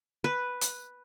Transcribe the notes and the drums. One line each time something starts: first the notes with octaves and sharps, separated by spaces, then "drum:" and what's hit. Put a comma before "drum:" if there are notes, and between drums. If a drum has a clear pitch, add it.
B4
drum: hi-hat